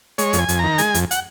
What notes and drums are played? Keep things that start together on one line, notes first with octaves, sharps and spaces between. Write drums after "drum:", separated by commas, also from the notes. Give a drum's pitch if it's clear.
G#3 C#5, drum: hi-hat
F2, drum: hi-hat
G#5
F2, drum: hi-hat
D#3 A#5
G#3 G#5, drum: hi-hat
F2, drum: hi-hat
F#5, drum: hi-hat